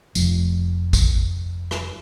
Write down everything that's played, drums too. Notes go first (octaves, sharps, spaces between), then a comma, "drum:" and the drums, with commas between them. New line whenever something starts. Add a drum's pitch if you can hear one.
F1 F2, drum: tambourine
drum: kick, tambourine
drum: rim click